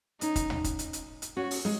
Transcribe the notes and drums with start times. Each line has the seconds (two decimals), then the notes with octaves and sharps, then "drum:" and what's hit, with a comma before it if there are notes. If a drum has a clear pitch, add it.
0.21 C#4 D#4, drum: hi-hat
0.36 drum: kick, hi-hat
0.50 drum: tom
0.64 drum: kick, hi-hat
0.79 drum: hi-hat
0.93 drum: hi-hat
1.22 drum: hi-hat
1.37 C#4 F#4
1.51 drum: open hi-hat
1.65 G#3, drum: snare